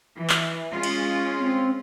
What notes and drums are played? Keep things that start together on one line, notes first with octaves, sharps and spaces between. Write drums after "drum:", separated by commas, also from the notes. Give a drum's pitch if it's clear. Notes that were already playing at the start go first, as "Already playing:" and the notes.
E3
drum: clap
G#3 C#4 F4
drum: cymbal
C4